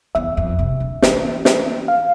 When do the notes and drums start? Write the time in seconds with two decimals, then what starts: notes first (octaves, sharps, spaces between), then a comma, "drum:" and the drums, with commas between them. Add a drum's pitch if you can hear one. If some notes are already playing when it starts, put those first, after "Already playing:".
0.15 E2 E5
0.37 F2
0.59 C3
0.80 D3
1.02 E3, drum: snare
1.45 drum: snare
1.88 F5